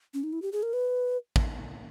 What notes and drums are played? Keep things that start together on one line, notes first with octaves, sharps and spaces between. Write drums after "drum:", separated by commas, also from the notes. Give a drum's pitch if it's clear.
C#4
D#4
E4
G4
G#4
A#4
B4
drum: kick